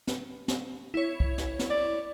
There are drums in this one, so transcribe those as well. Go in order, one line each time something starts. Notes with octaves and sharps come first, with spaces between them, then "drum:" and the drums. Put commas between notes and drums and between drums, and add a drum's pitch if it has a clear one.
drum: snare
drum: snare
E4 C#5
drum: kick
drum: snare
drum: snare
D5